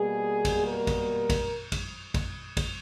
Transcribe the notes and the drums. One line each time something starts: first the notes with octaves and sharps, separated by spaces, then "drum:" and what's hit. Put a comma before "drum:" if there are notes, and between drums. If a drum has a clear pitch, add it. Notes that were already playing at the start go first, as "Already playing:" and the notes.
Already playing: B2 G3 A#3 G#4
drum: kick A1, cymbal
A#4
drum: kick A1, cymbal
drum: kick A1, cymbal
drum: kick A1, cymbal
drum: kick A1, cymbal
drum: kick A1, cymbal